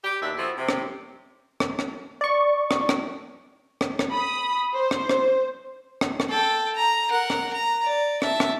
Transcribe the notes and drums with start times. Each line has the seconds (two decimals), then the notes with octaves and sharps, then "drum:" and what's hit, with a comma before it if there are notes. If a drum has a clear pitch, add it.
0.04 G4
0.22 D#2 B2 D4 E5
0.37 F3 C4 E4 F#4 A4
0.58 C3
0.69 drum: rim click
1.60 drum: rim click
1.79 drum: rim click
2.21 D5 C#6
2.71 drum: rim click
2.89 drum: rim click
3.81 drum: rim click
3.99 drum: rim click
4.11 B5 D#6
4.72 C5
4.91 drum: rim click
5.09 drum: rim click
6.01 drum: rim click
6.20 drum: rim click
6.30 A4 G5
6.74 A#5
7.08 A#4 F#5
7.30 drum: rim click
7.53 A#5
7.85 D5
8.22 E5 A5, drum: rim click
8.40 drum: rim click